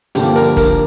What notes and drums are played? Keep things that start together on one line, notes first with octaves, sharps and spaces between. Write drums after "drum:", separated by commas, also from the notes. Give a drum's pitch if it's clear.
G2 D3 F3 A#3 G4, drum: hi-hat
A#4, drum: hi-hat
A#4, drum: kick, hi-hat